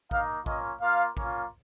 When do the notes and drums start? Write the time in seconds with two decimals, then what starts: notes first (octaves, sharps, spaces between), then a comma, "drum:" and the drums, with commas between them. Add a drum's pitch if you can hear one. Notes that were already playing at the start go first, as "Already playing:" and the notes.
0.11 A#3 D#4 F5, drum: kick A1
0.46 A#3 C#4 F4 D#5, drum: kick A1
0.81 A#3 F4 F5
1.17 A#3 C#4 F4, drum: kick A1